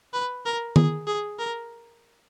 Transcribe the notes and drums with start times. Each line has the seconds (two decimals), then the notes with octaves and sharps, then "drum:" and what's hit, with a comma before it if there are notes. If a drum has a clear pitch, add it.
0.13 B4
0.45 A#4
0.76 G#4, drum: tom D#3
1.07 G#4
1.39 A#4